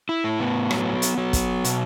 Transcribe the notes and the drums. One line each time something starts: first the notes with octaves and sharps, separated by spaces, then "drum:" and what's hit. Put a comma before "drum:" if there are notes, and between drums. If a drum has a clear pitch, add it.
E4
A2
B3
F#3, drum: rim click
drum: hi-hat
F#3
drum: kick, hi-hat
B2, drum: hi-hat